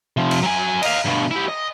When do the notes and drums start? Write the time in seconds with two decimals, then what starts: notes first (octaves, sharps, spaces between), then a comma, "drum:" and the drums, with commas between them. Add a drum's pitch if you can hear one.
0.17 C3 F3
0.31 drum: cymbal
0.43 F#3 G#5
0.82 D#5 F5, drum: cymbal
1.06 G2 B2
1.31 E4 G4
1.48 D#5